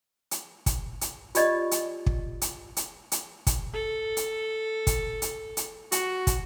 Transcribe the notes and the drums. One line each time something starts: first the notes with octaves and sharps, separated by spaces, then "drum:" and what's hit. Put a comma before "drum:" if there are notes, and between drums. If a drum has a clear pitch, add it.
drum: hi-hat
drum: kick, hi-hat
drum: hi-hat
F4 G4 D5 D#5, drum: hi-hat
drum: hi-hat
drum: kick
drum: hi-hat
drum: hi-hat
drum: hi-hat
drum: kick, hi-hat
A4
drum: hi-hat
drum: kick, hi-hat
drum: hi-hat
drum: hi-hat
F#4, drum: hi-hat
drum: kick, hi-hat